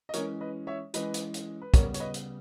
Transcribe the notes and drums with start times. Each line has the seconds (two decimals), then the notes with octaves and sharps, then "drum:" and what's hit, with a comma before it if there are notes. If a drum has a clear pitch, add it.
0.09 D#5
0.13 E3 G#3 C#4 A#4 C#5, drum: hi-hat
0.41 B4 D#5
0.67 C#5 E5
0.94 E3 G#3 C#4 B4 D#5, drum: hi-hat
1.14 drum: hi-hat
1.34 drum: hi-hat
1.62 B4
1.74 C#3 G3 B3 A#4 C#5, drum: kick, hi-hat
1.94 C#5, drum: hi-hat
2.00 B4 D#5
2.14 drum: hi-hat